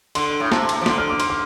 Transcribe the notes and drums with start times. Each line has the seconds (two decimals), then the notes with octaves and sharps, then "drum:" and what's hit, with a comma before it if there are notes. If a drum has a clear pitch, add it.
0.15 D3 C6, drum: cymbal
0.40 A2
0.52 C3 A5, drum: snare
0.69 drum: cymbal
0.81 F3
0.86 D3 C6, drum: snare
0.98 F6
1.10 D6
1.20 C6, drum: cymbal
1.30 D6